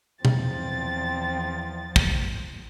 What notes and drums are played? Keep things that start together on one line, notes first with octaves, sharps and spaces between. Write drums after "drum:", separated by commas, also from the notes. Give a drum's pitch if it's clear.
E2 F3 C4 A6, drum: tom B2
drum: kick